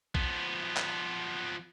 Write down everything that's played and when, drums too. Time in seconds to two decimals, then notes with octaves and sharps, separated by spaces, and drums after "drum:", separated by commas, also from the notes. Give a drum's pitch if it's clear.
0.15 F3 B3, drum: kick A#1
0.77 drum: clap